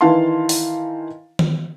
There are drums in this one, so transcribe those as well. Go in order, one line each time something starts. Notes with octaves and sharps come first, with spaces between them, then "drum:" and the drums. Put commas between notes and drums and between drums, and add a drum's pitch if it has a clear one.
D#3 E3 E4 F5 A5 C6
drum: open hi-hat
drum: tom